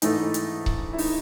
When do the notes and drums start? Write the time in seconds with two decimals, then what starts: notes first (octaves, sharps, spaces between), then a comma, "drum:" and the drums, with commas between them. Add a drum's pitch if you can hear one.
0.02 G#2 E3 A3 D#4, drum: hi-hat
0.34 drum: hi-hat
0.66 drum: kick C#1
0.93 E4
0.98 D#4, drum: open hi-hat